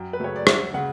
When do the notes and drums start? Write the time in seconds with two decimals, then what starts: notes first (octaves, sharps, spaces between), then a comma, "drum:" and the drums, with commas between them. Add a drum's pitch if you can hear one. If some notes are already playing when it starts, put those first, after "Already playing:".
Already playing: F#2 G5
0.13 B4
0.20 C#3 F#3 A3 C#5
0.36 D5
0.47 D2 E5, drum: rim click
0.74 C#3 F#5